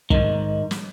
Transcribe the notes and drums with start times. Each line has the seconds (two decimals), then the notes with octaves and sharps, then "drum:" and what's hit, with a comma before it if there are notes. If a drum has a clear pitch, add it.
0.10 G#2 D#3, drum: kick
0.71 drum: snare